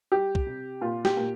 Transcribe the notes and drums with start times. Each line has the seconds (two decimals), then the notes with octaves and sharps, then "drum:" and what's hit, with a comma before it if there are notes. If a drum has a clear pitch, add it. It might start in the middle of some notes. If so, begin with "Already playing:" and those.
0.12 G3 G4
0.35 drum: kick
0.47 C3
0.81 A#2 F4
1.05 G4, drum: snare
1.17 A#2